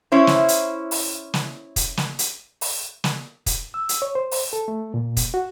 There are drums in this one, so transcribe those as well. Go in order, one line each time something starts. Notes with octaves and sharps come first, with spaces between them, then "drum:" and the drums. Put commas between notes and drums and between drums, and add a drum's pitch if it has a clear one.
C#4 E4 C5
drum: snare
drum: hi-hat
drum: open hi-hat
drum: snare
drum: kick, hi-hat
drum: snare
drum: hi-hat
drum: open hi-hat
drum: snare
drum: kick, hi-hat
E6
drum: hi-hat
C#5
C5
drum: open hi-hat
A4
A3
A#2
drum: kick, hi-hat
F#4